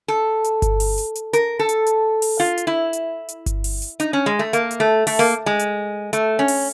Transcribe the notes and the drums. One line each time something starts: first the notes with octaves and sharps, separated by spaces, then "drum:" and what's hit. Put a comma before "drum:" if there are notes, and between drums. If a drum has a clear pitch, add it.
A4
drum: hi-hat
drum: kick G1, hi-hat
drum: open hi-hat
drum: hi-hat
drum: hi-hat
A#4, drum: hi-hat
A4
drum: hi-hat
drum: hi-hat
drum: open hi-hat
F4
drum: hi-hat
E4
drum: hi-hat
drum: hi-hat
drum: kick G1, hi-hat
drum: open hi-hat
drum: hi-hat
D#4, drum: hi-hat
C#4
G#3
A3
A#3, drum: hi-hat
drum: hi-hat
A3
A3, drum: open hi-hat
A#3
G#3
drum: hi-hat
A3, drum: hi-hat
C#4
drum: open hi-hat